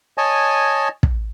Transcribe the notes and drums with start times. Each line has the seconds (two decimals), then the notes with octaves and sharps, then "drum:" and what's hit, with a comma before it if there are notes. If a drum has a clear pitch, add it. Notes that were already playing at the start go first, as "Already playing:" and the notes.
0.18 C#5 D#5 G#5 A5
1.03 drum: kick